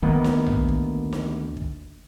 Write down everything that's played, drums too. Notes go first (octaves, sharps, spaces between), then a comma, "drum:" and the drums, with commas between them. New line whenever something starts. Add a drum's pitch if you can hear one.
D2 D#3 A#3 B3
drum: snare
drum: tom A#1
drum: kick
drum: snare
drum: kick